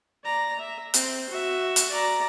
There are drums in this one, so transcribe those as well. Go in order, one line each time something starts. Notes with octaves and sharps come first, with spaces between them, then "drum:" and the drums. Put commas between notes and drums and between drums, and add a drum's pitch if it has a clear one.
D5 A#5
E5
C4, drum: hi-hat
F#4 E5
drum: hi-hat
D5 A#5